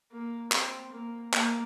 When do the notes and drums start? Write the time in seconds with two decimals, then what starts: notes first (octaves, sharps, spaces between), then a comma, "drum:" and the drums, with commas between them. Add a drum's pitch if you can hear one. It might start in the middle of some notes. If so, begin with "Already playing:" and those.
0.12 A#3
0.52 C4, drum: clap
0.92 A#3
1.34 A#3, drum: clap